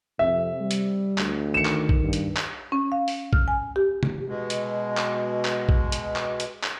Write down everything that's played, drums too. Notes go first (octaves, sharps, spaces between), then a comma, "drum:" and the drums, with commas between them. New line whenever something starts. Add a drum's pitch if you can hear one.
F2 C3 E5
G3
drum: hi-hat
D2, drum: clap
D#3 C#7 E7
drum: clap
drum: kick A#1
G2
drum: hi-hat
drum: clap
C#4
F5
drum: open hi-hat
F6, drum: kick A#1
G#5
G4
drum: tom
B2 G#3
drum: hi-hat
drum: clap
drum: clap
drum: kick A#1
drum: hi-hat
drum: clap
drum: hi-hat
drum: clap